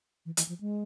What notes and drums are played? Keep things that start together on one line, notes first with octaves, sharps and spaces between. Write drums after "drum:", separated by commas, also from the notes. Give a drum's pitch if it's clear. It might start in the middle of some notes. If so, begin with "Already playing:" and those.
E3
E3, drum: hi-hat
F3
G#3